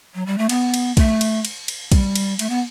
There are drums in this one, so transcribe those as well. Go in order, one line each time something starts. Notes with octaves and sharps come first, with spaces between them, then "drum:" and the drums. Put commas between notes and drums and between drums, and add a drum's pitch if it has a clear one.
F#3
G3
A3
B3, drum: cymbal
drum: cymbal
A3, drum: kick, cymbal
drum: cymbal
drum: cymbal
drum: cymbal
G3, drum: kick, cymbal
drum: cymbal
A3, drum: cymbal
B3